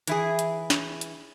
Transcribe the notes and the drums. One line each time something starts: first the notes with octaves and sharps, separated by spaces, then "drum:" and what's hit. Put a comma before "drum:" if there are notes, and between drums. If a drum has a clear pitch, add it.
E3 E4 G#4, drum: hi-hat
drum: hi-hat
drum: snare
drum: hi-hat